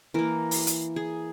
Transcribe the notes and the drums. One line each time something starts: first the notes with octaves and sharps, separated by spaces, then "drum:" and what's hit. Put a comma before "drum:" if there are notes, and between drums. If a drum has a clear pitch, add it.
E3 A#3 A#4
drum: open hi-hat
drum: hi-hat
G#4